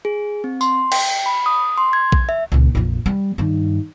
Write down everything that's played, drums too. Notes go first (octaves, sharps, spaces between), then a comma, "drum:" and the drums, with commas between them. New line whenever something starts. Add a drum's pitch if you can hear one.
G#4
C4
C6, drum: tambourine
G5, drum: cymbal
B5
D#6
C6
G#6
drum: kick A#1
E5
C#2 A#2
A#1 F2
G3
G2 D#3